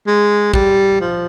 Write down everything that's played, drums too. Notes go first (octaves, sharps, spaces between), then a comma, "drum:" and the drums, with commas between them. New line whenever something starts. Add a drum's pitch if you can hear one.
G#3
G3, drum: kick
F3